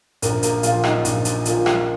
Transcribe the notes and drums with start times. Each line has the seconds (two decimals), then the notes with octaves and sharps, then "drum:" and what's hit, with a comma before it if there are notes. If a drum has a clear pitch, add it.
0.22 A#1 A#3 A#4, drum: hi-hat
0.43 A#3 A#4, drum: hi-hat
0.63 A#2 F3 A#3 F4 F5, drum: hi-hat
0.84 D#4 D#5, drum: rim click
1.05 A#1, drum: hi-hat
1.25 drum: hi-hat
1.45 A#2 F3 A#3, drum: hi-hat
1.66 drum: rim click